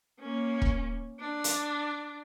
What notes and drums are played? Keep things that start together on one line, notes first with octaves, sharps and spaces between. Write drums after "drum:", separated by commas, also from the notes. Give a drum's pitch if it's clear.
A#3 C#4
drum: kick
D4
drum: hi-hat